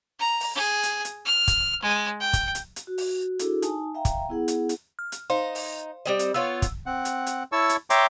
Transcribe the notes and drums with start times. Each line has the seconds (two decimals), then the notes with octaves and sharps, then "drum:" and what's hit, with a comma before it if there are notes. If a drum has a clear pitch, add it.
0.19 A#5
0.40 drum: open hi-hat
0.55 G#4
0.83 drum: hi-hat
1.05 drum: hi-hat
1.25 F6
1.48 drum: kick, hi-hat
1.82 G#3
2.20 G5
2.33 drum: kick, hi-hat
2.55 drum: hi-hat
2.76 drum: hi-hat
2.87 F#4
2.98 drum: open hi-hat
3.39 D4 E4 F#4 G#4 A4, drum: hi-hat
3.62 D#4 G#5 A5, drum: hi-hat
3.95 E5 F5 G5 A#5
4.05 drum: kick, hi-hat
4.29 B3 E4 G#4 F#5
4.48 drum: hi-hat
4.69 drum: hi-hat
4.99 F6
5.12 drum: hi-hat
5.30 D#4 C5 F5 C6
5.55 drum: open hi-hat
6.06 G3 C4 D#5
6.19 drum: hi-hat
6.34 B3 F4 C#5 E6
6.62 drum: kick, hi-hat
6.86 C4 F#5
7.05 drum: hi-hat
7.27 drum: hi-hat
7.52 E4 C#5 A5 C#6 E6
7.69 drum: hi-hat
7.90 C#5 E5 G5 A#5 C6 D6, drum: hi-hat